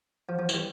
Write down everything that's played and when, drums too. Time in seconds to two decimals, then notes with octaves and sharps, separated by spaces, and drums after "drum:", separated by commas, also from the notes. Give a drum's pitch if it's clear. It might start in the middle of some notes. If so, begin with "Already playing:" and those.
0.29 F3
0.39 F3
0.49 E3, drum: tambourine
0.54 G3